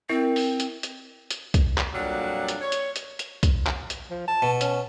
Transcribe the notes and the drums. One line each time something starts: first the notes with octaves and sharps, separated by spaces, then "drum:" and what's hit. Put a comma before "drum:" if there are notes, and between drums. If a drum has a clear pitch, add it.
C4 E4 A#4
drum: open hi-hat
drum: hi-hat
drum: hi-hat
drum: hi-hat
drum: kick B1, hi-hat
drum: clap
F2 A#2 F#3 G3 A#3 D4
drum: hi-hat
C#5
drum: hi-hat
drum: hi-hat
drum: hi-hat
drum: kick B1, hi-hat
drum: clap
drum: hi-hat
F3
A5
B2
C#4, drum: hi-hat